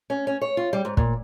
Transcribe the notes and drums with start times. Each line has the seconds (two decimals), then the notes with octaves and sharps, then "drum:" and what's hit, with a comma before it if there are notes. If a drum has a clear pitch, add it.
0.10 C#4
0.27 C#4
0.42 C#5
0.57 F4
0.73 G3
0.85 G#2
0.97 A#2, drum: kick